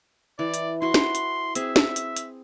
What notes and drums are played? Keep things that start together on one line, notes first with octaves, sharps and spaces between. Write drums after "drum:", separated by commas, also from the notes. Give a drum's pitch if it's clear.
E3 D5
drum: hi-hat
E4 F#4 C6
drum: snare
drum: hi-hat
C4 G#4 E5, drum: hi-hat
drum: snare
drum: hi-hat
drum: hi-hat